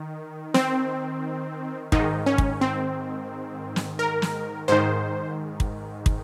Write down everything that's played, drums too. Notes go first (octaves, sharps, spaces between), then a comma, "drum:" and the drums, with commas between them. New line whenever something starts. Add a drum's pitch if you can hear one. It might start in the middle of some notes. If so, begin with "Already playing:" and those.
Already playing: D#3
C4, drum: snare
G#2 D#3 D#4, drum: kick
C#4
drum: kick
C4
drum: snare
A#4
drum: snare
G#2 D#3 C5
drum: kick
drum: kick